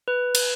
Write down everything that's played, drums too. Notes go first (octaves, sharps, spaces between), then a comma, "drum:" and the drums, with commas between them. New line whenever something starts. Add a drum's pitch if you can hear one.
B4
drum: cymbal